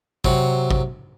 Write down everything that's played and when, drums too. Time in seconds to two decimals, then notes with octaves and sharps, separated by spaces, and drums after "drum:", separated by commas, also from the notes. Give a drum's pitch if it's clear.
0.24 C3 F#3, drum: kick
0.71 drum: kick